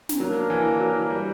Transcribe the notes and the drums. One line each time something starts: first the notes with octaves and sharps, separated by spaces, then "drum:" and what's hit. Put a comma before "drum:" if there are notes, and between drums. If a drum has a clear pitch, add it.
drum: snare
F#3 A#3 D4 A#4
E3
F#3
G3